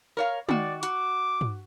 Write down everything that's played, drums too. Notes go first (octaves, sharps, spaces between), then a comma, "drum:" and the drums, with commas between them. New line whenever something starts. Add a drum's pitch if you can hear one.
A#4 C#5 F5
D#3 F#4 D5, drum: tom G#3
F#4 D6, drum: hi-hat
drum: tom